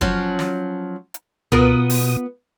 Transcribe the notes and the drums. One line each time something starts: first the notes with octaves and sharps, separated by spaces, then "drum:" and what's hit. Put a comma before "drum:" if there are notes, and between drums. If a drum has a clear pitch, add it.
F3 F#3 C#4, drum: kick
drum: snare
drum: hi-hat
B2 B3 F4 A#4 D#6, drum: tom C#2
drum: open hi-hat